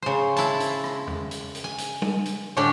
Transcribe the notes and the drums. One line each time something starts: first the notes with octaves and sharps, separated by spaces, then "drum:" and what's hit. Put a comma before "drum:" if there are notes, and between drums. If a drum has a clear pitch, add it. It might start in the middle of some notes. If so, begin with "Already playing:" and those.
C#3 C5
E4 A5, drum: hi-hat
drum: hi-hat
drum: rim click
drum: tom E2
drum: hi-hat
drum: hi-hat
G#5
drum: hi-hat
drum: tom
drum: hi-hat
A2 D3 C#4 D4 G4 G5